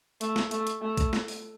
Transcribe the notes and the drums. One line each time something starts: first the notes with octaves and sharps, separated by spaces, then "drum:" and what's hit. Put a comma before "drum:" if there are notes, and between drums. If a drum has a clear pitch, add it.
A3, drum: hi-hat
drum: snare
A3, drum: hi-hat
drum: hi-hat
A3
drum: kick, hi-hat
drum: snare
drum: open hi-hat